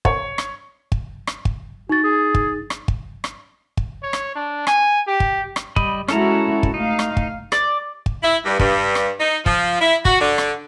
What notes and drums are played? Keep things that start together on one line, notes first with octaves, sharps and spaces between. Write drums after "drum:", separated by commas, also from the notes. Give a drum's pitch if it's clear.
C#5, drum: kick
drum: rim click
drum: kick
drum: rim click
drum: kick
D#4 F#4 A6
G#4
drum: kick
drum: rim click
drum: kick
drum: rim click
drum: kick
C#5
drum: rim click
D4
G#5, drum: rim click
G4
drum: kick
drum: rim click
G3 D#5 B5, drum: kick
G#3 C#4 E4 F#4 A4 A#5, drum: rim click
drum: kick
A3 D#4 F5
drum: rim click
drum: kick
D5, drum: rim click
drum: kick
E4
G2
G2, drum: kick
drum: rim click
D#4
F3, drum: kick
E4
F#4, drum: kick
D3
drum: rim click